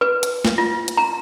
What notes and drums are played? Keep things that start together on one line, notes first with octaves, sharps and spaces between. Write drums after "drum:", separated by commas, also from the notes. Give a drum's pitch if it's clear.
B4
drum: hi-hat
drum: snare
F4
drum: hi-hat
A#5